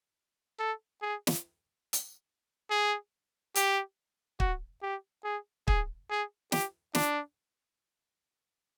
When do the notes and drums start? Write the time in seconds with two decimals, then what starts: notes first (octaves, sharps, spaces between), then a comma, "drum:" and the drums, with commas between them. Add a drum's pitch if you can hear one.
0.59 A4
1.02 G#4
1.27 drum: snare
1.93 drum: hi-hat
2.70 G#4
3.55 G4, drum: hi-hat
4.40 F#4, drum: kick
4.82 G4
5.24 G#4
5.68 G#4, drum: kick
6.10 G#4
6.52 G4, drum: snare
6.95 D4, drum: snare